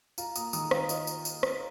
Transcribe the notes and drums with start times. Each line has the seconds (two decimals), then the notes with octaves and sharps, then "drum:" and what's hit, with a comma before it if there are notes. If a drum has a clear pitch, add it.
0.18 F4 F5 A#5, drum: tambourine
0.36 A#3 A#5 D#6, drum: tambourine
0.53 D#3 A#5 D#6, drum: tambourine
0.71 D#3 F5 A#5, drum: rim click
0.89 F4 D#5, drum: tambourine
1.07 drum: tambourine
1.25 drum: tambourine
1.43 drum: rim click